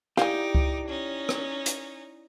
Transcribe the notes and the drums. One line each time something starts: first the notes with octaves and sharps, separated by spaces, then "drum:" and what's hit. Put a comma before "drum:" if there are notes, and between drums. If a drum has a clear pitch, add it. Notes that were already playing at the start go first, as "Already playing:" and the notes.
D#4 E4 G4 D5 F5 G#5 D6, drum: rim click
drum: kick C#2
C#4 D#4
drum: rim click
drum: hi-hat